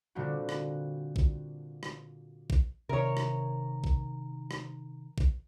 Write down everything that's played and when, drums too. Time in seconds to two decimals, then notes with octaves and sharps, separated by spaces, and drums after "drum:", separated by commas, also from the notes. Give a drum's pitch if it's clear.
0.15 A#2 D3 G3 C4 F#4
0.49 drum: rim click
1.16 drum: kick A#1
1.83 drum: rim click
2.50 drum: kick A#1
2.89 C3 D#3 A#4 C#5
3.17 drum: rim click
3.84 drum: kick A#1
4.51 drum: rim click
5.18 drum: kick A#1